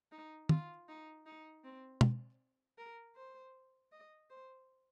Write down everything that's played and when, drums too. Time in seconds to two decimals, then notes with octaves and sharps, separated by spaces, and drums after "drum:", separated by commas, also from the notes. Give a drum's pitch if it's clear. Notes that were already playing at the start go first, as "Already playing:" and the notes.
0.12 D#4
0.49 F4, drum: tom
0.88 D#4
1.26 D#4
1.64 C4
2.01 drum: tom
2.78 A#4
3.16 C5
3.92 D#5
4.30 C5